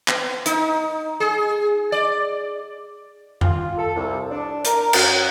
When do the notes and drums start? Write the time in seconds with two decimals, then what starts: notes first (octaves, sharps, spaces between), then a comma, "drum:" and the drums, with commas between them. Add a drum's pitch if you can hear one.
0.08 B3, drum: clap
0.46 D#4, drum: hi-hat
1.20 G#4
1.92 D5
3.41 F4, drum: tom F2
3.78 A4
3.95 C2
4.30 D4
4.64 A#4, drum: hi-hat
4.93 F#2, drum: cymbal